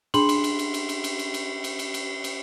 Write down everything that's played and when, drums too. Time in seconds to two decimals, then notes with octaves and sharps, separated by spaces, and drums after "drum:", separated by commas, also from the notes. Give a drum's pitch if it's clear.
0.14 D4 G#4 B5 C6 F#7, drum: cymbal
0.29 drum: cymbal
0.44 drum: cymbal
0.59 drum: cymbal
0.74 drum: cymbal
0.89 drum: cymbal
1.04 drum: cymbal
1.19 drum: cymbal
1.34 drum: cymbal
1.64 drum: cymbal
1.79 drum: cymbal
1.94 drum: cymbal
2.24 drum: cymbal